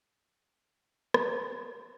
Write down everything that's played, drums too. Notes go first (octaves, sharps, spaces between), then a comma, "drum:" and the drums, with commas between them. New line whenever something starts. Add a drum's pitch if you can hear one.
F#3 A#3 B3 G#4, drum: rim click